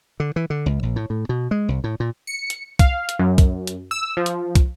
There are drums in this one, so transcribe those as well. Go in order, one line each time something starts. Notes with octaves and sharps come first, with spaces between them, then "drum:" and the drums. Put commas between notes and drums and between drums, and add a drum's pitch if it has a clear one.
D3
E3
D3
C#2
A#1
A2
A2
B2
G#3
C2
A2
A#2
C#7
drum: hi-hat
F5, drum: kick, hi-hat
drum: hi-hat
F#2
drum: kick, hi-hat
drum: hi-hat
E6
F3
drum: hi-hat
drum: kick, hi-hat